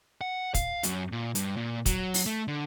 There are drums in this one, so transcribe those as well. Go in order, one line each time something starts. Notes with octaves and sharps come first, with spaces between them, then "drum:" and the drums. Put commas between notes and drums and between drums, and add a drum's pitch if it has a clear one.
F#5
F5, drum: kick, hi-hat
F#2, drum: hi-hat
A#2
G2, drum: hi-hat
A#2
F#3, drum: kick, hi-hat
drum: open hi-hat
A3
D3